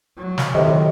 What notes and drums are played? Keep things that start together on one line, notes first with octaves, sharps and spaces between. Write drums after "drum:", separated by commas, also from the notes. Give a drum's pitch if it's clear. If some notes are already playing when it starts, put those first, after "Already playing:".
F#3
drum: snare
A2 C3 D#3 D#5